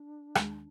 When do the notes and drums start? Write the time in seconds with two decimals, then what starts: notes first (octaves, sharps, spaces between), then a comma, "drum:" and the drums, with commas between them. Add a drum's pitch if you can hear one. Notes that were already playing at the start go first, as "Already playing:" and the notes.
Already playing: D4
0.35 D#2 D#3 G#3, drum: rim click